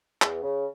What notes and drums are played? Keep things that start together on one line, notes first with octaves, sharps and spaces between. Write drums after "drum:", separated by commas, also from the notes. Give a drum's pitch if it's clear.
E2, drum: clap
C#3